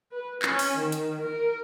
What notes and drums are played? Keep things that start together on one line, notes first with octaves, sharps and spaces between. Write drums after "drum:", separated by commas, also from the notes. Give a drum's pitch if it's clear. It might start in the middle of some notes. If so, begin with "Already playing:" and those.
B4
C#4, drum: clap
drum: open hi-hat
D#3
drum: hi-hat
A#4